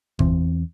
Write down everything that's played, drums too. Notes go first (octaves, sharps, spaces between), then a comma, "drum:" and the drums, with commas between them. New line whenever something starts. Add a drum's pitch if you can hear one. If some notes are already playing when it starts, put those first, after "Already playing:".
E2 E3 C4, drum: kick G1